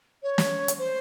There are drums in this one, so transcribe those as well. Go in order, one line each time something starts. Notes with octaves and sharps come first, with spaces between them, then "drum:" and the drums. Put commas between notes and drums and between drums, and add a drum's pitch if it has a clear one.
C#5
drum: snare
drum: hi-hat
C5